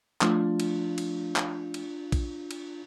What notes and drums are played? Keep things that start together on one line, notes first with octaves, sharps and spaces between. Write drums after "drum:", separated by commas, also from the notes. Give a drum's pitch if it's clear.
F3 A3 D4 F4, drum: clap
drum: cymbal
drum: cymbal
drum: clap
drum: cymbal
drum: kick A#1, cymbal
drum: cymbal